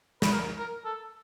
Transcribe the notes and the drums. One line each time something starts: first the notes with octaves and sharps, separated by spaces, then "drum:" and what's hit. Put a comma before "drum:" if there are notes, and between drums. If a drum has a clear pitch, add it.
B4, drum: snare
A#4
A#4
A4